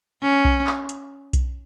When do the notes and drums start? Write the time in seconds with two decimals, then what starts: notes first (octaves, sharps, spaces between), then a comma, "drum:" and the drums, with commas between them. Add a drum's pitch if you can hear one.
0.22 C#4
0.45 drum: kick B1
0.67 drum: clap
0.89 drum: hi-hat
1.33 drum: kick B1, hi-hat